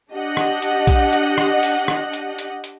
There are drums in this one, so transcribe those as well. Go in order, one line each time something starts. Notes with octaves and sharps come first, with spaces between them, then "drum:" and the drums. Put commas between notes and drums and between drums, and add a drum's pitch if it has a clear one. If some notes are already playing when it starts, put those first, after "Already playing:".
D4 G4 D#5 F#5
drum: rim click
drum: hi-hat
drum: kick A#1, hi-hat
drum: hi-hat
drum: rim click
drum: open hi-hat
drum: rim click
drum: hi-hat
drum: hi-hat
drum: hi-hat